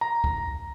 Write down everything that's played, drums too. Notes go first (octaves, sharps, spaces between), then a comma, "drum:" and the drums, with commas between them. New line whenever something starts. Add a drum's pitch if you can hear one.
A#5
drum: kick